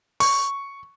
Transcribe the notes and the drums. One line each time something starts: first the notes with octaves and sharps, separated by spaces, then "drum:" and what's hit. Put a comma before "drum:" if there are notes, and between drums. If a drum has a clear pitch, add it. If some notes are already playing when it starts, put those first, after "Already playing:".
C#6, drum: open hi-hat